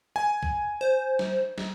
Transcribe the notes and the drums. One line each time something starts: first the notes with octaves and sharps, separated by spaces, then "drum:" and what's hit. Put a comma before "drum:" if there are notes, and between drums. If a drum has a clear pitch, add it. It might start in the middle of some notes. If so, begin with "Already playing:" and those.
G#5
drum: kick B1
C5
drum: snare
drum: snare